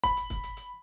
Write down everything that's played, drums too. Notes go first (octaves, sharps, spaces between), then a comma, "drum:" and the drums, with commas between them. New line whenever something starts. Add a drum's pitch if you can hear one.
B5, drum: kick, hi-hat
drum: hi-hat
drum: kick, hi-hat
drum: hi-hat
drum: hi-hat